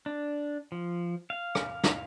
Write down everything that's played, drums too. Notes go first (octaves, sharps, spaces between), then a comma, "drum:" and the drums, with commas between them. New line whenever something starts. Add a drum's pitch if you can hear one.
D4
F3
F5
drum: rim click
drum: snare